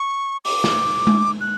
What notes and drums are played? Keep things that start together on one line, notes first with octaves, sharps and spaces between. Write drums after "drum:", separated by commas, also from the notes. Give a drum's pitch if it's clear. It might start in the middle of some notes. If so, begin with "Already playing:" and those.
Already playing: C#6
D6, drum: open hi-hat
drum: snare
drum: tom G#3
F#6